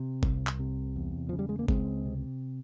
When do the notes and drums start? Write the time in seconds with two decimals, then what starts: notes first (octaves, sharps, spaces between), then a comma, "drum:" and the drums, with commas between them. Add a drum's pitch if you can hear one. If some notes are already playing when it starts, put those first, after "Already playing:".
Already playing: C3
0.23 C2, drum: kick G1
0.47 drum: clap
0.59 C3
0.96 E2
1.29 C#3 F3
1.39 G3
1.49 G#3
1.59 A#3
1.68 C#2 G#3 C4, drum: kick G1
2.05 C3